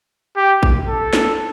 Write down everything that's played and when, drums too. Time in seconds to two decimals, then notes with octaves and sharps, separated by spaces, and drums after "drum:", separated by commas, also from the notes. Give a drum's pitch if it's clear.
0.37 G4
0.63 drum: kick A1
0.88 A4
1.13 drum: snare